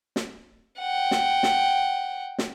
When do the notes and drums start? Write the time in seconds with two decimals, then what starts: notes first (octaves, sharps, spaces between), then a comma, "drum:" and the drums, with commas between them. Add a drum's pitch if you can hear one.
0.16 drum: snare
0.79 F#5 G5
1.11 drum: snare
1.43 drum: snare
2.38 drum: snare